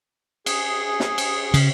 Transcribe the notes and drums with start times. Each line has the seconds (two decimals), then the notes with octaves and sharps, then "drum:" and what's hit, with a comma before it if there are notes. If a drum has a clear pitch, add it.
0.46 G#4, drum: cymbal
1.00 drum: snare
1.18 drum: cymbal
1.54 C#3, drum: cymbal